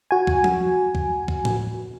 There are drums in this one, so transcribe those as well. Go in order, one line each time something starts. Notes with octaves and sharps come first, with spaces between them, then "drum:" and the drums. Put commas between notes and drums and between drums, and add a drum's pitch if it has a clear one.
F#4 G#5
drum: kick
drum: tom F3
drum: kick
drum: kick
drum: tom A2